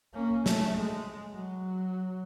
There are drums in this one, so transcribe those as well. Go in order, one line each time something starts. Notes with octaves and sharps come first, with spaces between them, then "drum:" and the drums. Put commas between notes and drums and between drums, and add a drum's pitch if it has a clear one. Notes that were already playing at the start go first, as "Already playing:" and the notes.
A#3 C#4
A3, drum: snare
G#3
F#3